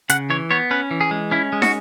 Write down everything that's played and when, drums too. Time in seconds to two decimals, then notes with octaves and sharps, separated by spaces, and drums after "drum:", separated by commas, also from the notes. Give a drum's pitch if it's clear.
0.10 C#3 F#5, drum: hi-hat
0.30 E3 C#5
0.51 B3 C#5
0.71 C#4 B4
0.91 E3
1.01 G#4
1.11 G#3
1.31 C#4 E4
1.53 G#3
1.62 F#4, drum: snare